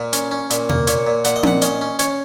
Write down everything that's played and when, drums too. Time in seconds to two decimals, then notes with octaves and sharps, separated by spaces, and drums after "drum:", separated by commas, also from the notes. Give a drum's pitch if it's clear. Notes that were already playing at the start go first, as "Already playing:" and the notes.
Already playing: A#2 A#4
0.13 C#4, drum: hi-hat
0.31 C#4
0.50 A#2, drum: hi-hat
0.69 A#3, drum: tom B2
0.87 A#2 C#5, drum: hi-hat
1.07 A#2
1.25 A#2 F#5, drum: hi-hat
1.36 D#5
1.43 A#2 F#5, drum: tom C4
1.62 C#4 D#5, drum: hi-hat
1.81 C#4
1.99 C#4 C#5, drum: hi-hat